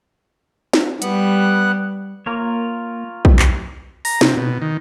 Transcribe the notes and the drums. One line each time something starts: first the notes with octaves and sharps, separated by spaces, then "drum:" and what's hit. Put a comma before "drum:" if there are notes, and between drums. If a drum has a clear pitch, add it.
drum: snare
G3 B3 F#5 F#6, drum: hi-hat
A#3 F4 A#4 C#5
drum: kick A#1
drum: clap
A#5, drum: open hi-hat
C3, drum: snare
B2
D#3